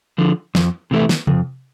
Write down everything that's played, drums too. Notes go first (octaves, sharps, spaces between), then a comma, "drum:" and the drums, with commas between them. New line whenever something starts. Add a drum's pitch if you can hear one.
D3 F3
F2, drum: snare
C3 E3 A3 E4
drum: snare
F2, drum: tom C3